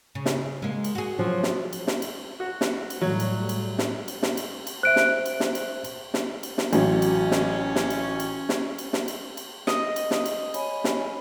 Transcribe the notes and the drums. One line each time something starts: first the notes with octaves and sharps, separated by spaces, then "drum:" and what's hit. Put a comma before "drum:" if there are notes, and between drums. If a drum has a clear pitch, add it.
C#3
drum: snare
G#3 A#3
drum: cymbal
F#4 G#4
F3 F#3
drum: snare
drum: cymbal
drum: snare
drum: cymbal
F#4
drum: snare
drum: cymbal
A2 F#3 G3
drum: cymbal
drum: cymbal
drum: snare
drum: cymbal
drum: snare
drum: cymbal
drum: cymbal
C5 E5 F#6 D7
drum: snare
drum: cymbal
drum: snare
drum: cymbal
drum: cymbal
drum: snare
drum: cymbal
drum: snare
A1 F#3 C#4, drum: cymbal
drum: cymbal
drum: snare
drum: snare
drum: cymbal
drum: cymbal
drum: snare
drum: cymbal
drum: snare
drum: cymbal
drum: cymbal
D#5, drum: snare
drum: cymbal
drum: snare
drum: cymbal
C#5 G#5 B5, drum: cymbal
drum: snare